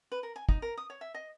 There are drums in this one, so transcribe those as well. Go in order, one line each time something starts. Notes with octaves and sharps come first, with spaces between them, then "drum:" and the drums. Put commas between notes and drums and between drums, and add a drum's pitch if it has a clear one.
B4
A#4
G#5
D#4, drum: kick
A#4
D#6
C#5
E5
D#5